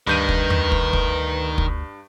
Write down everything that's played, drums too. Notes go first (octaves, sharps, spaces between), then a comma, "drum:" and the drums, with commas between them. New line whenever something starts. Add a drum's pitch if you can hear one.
D2 G2 D#3 B4 G6 D#7
drum: kick
drum: tom E2
drum: kick
drum: kick
drum: kick